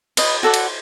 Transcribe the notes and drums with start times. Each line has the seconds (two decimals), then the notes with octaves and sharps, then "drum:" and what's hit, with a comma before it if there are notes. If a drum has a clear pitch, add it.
0.17 B4 D#5, drum: cymbal
0.43 F#4 A4 D5 F#5
0.54 drum: cymbal